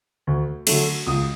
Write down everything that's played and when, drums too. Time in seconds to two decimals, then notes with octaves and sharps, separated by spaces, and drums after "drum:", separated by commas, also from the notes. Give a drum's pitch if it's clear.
0.27 D2
0.67 D3 F#3 A3, drum: cymbal
1.07 C#2 D#6